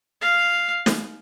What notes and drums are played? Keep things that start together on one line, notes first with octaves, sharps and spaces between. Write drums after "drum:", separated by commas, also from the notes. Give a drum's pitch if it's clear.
F5
drum: snare